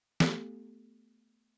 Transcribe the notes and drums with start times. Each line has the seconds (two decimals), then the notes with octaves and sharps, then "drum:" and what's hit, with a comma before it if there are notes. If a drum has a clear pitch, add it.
0.20 A3 B3 G4 A4, drum: snare